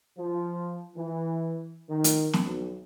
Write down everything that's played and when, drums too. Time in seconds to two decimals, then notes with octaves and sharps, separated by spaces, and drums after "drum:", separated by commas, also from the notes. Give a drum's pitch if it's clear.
0.18 F3
0.96 E3
1.90 D#3
2.04 drum: hi-hat
2.33 drum: snare
2.44 B1